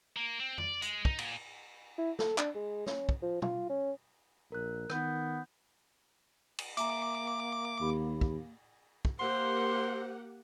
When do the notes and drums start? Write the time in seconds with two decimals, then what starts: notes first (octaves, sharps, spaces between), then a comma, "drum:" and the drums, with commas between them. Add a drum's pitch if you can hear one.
0.16 A#3
0.40 C4
0.58 D5, drum: tom F2
0.82 G#3, drum: hi-hat
1.05 D#4, drum: kick
1.19 A#2, drum: cymbal
1.98 E4
2.19 A4, drum: snare
2.38 D4, drum: clap
2.55 G#3
2.86 C#4, drum: snare
3.09 drum: kick
3.22 F3
3.42 F4, drum: tom
3.69 C#4
4.52 A#1 A#4 F#6
4.90 D#3 B3 G6, drum: rim click
6.58 drum: cymbal
6.77 A#3 E5 G#5 A#5 D6, drum: hi-hat
7.81 D#2 G4 B5
8.21 drum: kick
9.05 drum: kick
9.19 A#3 G4 C5 F#5 C6